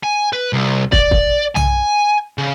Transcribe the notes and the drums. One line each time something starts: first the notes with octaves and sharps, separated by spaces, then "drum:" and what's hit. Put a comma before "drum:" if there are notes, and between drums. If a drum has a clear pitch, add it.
G#5
B4
C2
D5, drum: kick
drum: kick
G#5, drum: tom
C#3